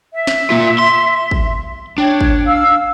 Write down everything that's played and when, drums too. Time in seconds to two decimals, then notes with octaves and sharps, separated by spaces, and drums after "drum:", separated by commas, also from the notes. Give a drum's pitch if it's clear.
0.13 E5
0.27 drum: snare
0.50 A#3 F4
0.79 C6
1.31 drum: kick
1.98 D4 C#5 G5
2.21 drum: kick
2.45 F5 E6